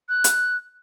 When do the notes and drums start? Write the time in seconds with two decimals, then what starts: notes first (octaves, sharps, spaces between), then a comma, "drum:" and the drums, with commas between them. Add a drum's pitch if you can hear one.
0.08 F#6
0.24 drum: hi-hat